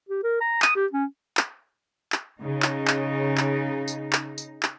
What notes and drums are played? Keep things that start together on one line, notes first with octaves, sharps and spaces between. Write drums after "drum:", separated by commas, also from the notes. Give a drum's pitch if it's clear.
G4
A#4
A#5
D#6, drum: clap
G4
C#4
drum: clap
drum: clap
C#3 D#4
drum: clap
drum: clap
drum: clap
drum: tambourine
drum: clap
drum: tambourine
drum: clap